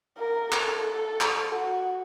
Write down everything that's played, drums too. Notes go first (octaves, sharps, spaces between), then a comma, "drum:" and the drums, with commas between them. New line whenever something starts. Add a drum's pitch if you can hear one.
A#4
A4, drum: clap
A4
drum: clap
F#4